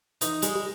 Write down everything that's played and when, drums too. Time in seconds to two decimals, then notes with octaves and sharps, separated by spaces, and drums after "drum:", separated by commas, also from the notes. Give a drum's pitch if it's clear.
0.21 E3 D#4, drum: hi-hat
0.42 G3 G#3, drum: hi-hat
0.55 G3